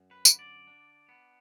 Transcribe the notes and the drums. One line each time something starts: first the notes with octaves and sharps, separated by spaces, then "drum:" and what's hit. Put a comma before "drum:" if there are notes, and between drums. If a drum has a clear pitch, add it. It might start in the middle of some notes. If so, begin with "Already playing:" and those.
Already playing: F#2
B4
D3, drum: tambourine
D5
D4
B3